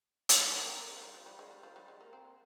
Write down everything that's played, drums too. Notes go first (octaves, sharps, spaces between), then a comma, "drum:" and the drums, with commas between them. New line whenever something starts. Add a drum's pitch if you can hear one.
drum: hi-hat
G#3
A#3
C4
A#3
G#3
F3
G3
F3
G3
G#3
G3
F3
G3
G#3
A#3
C4